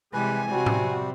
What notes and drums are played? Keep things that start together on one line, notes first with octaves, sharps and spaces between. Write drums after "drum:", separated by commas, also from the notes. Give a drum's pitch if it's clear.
C3 E3 G3 G#3 B4 G#5
C3 G3 C4 F#4
drum: tom A2